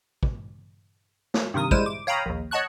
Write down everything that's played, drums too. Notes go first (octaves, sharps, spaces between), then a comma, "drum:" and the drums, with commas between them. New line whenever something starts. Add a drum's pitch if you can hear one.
drum: kick
drum: snare
G2 C3 D#3 A#4 D#6
G3 G#3 E4 C5 D#7 E7, drum: kick
D6
C#5 F5 G5 A#5 B5 D#6
A#1 D#2
C#5 D#5 F#5 A5 C#6 F#6